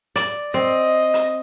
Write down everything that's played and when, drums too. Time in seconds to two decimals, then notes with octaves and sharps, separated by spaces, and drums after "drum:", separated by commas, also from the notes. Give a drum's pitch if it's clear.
0.16 D5, drum: hi-hat
0.54 C4 D#5
1.14 drum: hi-hat